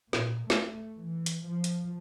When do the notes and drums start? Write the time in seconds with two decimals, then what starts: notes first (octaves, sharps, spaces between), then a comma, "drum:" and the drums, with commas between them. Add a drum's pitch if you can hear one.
0.13 A#2, drum: snare
0.50 A3, drum: snare
0.96 E3
1.26 drum: hi-hat
1.44 F3
1.64 drum: hi-hat